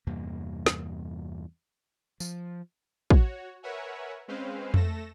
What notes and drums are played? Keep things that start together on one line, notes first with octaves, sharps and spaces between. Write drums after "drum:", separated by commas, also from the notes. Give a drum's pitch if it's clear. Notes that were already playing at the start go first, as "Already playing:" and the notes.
E2 G2 C3 A#3
drum: snare
F3, drum: tambourine
F#4 C#5, drum: kick
A#4 B4 C#5 E5 F#5 G#5
G#3 C4 C#4 B4 C5 F5
A3 A4 A#6 E7, drum: tom F2